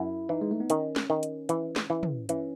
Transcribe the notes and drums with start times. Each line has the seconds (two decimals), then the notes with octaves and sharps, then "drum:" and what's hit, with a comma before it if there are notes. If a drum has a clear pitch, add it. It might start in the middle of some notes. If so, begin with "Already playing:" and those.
Already playing: F#2 E4
0.29 E3 D#4
0.41 G#3
0.51 A3
0.60 B3
0.70 D#3 C#4, drum: hi-hat
0.96 drum: snare
1.10 D#3
1.23 drum: hi-hat
1.49 E3, drum: hi-hat
1.76 drum: snare
1.90 E3
2.03 drum: tom
2.29 E3 C#4, drum: hi-hat